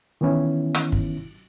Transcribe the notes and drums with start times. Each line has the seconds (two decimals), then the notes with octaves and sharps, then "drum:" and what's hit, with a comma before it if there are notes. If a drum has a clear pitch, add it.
0.21 D#3 E3 B3 C#4 E4
0.74 drum: rim click
0.92 drum: kick